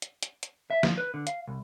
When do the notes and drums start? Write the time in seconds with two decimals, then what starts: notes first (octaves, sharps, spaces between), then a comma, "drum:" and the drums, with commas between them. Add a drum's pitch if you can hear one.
0.02 drum: hi-hat
0.23 drum: hi-hat
0.43 drum: hi-hat
0.70 E5
0.83 F3, drum: snare
0.98 B4
1.14 D3
1.27 F5, drum: hi-hat
1.48 C2